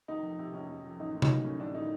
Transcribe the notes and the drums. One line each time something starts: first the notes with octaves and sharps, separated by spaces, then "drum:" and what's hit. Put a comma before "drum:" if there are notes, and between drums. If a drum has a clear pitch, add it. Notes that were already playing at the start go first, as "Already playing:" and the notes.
F1 D#3 D#4
F2
C3
F1 C#4
F1
F2
A1 D#3 D#4
A2
D#3 D#4, drum: tom C3
F#3
A3 C#4
A1 D3 D4
A2 D#3 D#4